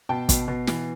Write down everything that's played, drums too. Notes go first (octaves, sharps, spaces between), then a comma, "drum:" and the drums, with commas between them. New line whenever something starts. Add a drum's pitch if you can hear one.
B2 G5 A5
B2, drum: kick, hi-hat
B2
E3, drum: snare